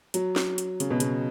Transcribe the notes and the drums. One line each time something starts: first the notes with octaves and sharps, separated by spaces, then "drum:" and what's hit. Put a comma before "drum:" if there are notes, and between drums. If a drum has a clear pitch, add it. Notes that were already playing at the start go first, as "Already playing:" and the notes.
F#3, drum: hi-hat
drum: snare
drum: hi-hat
C#3, drum: hi-hat
B2
C#3, drum: hi-hat